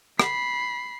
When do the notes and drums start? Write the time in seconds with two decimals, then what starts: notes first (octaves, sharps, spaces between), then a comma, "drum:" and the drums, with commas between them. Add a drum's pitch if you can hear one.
0.20 B5 C7, drum: rim click